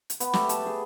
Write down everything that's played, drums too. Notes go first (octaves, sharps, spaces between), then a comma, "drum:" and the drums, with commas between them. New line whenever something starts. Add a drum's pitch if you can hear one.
drum: hi-hat
B3, drum: hi-hat
A3 G4, drum: snare
A5, drum: hi-hat
G#4